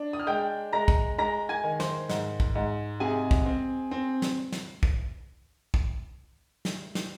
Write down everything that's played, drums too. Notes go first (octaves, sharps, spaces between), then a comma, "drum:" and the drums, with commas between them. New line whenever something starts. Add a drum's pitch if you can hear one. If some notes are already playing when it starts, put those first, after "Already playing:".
Already playing: D4
D#6
F6
G#3 G5 G6
G#3 A#5 A#6
drum: kick
G#3 A#5 A#6
G#5 G#6
D#3
C5 C6, drum: snare
G#2, drum: snare
drum: kick
G#2
C3 G#4 G#5
drum: kick
C4
C4
drum: snare
drum: snare
drum: kick
drum: kick
drum: snare
drum: snare